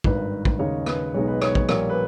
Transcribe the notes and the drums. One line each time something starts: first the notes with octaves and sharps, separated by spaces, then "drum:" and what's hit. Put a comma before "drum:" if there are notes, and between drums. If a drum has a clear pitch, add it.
G#1 G2 D#3 B4, drum: kick
drum: kick
D#2 C#3 G#3 D#4 C#5
B4, drum: rim click
B1 B2 G#3 B3 D#4 C#5
B4
C#5, drum: rim click
C#5, drum: kick
A#1 A#2 G3 A#3 C#5, drum: rim click
B4